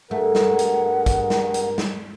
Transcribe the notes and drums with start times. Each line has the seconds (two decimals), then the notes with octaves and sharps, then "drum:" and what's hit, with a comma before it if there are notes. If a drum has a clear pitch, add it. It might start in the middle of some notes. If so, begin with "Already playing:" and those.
0.11 G2 A3 G#4 A#4 F#5
0.35 drum: snare
0.59 drum: hi-hat
1.06 drum: kick, hi-hat
1.30 drum: snare
1.54 drum: hi-hat
1.78 drum: snare